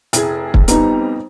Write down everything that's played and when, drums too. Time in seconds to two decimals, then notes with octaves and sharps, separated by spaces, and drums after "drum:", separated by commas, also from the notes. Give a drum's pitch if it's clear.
0.13 F1 E4 G#4, drum: hi-hat
0.54 drum: kick
0.68 F2 G3 B3 D#4 A#5, drum: hi-hat